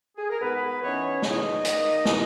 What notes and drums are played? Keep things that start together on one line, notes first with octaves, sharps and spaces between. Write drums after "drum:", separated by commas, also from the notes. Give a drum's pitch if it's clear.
G#4
A#4
G#2 B3 B4
E3 B3 C#4 D#4 C#5
E2 D#4 D#5, drum: snare
D#3 A#3, drum: hi-hat
A#2, drum: snare